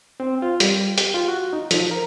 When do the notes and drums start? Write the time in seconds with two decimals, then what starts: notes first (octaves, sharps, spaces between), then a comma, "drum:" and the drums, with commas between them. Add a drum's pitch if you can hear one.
0.20 C4
0.42 F4
0.60 G3, drum: hi-hat
0.98 G4, drum: hi-hat
1.14 F4
1.28 F#4
1.53 D#4
1.71 F3, drum: hi-hat
1.91 A#4